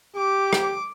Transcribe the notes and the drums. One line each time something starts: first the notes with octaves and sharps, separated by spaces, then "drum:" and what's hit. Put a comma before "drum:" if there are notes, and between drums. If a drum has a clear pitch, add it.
G4 D6
drum: rim click